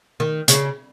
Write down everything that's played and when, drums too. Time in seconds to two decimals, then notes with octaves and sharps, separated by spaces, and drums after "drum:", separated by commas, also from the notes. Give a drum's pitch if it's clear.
0.20 D#3
0.48 C#3, drum: hi-hat